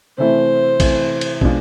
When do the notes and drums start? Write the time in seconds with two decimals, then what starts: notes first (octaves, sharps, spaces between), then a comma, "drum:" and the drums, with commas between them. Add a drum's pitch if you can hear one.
0.18 C3 E3 A3 E4 C5
0.80 C3 E3 A3 E4, drum: kick, cymbal
1.21 drum: cymbal
1.41 B2 G#3 D4 F4, drum: kick